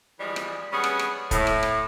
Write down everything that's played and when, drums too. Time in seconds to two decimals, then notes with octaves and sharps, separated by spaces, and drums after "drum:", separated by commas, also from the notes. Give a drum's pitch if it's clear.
0.19 E3 F3 G3 G#3
0.36 drum: rim click
0.72 G3 B3 C#4 G#4 F#5
0.84 drum: rim click
0.99 drum: rim click
1.31 A2, drum: kick, hi-hat
1.47 drum: rim click
1.63 drum: rim click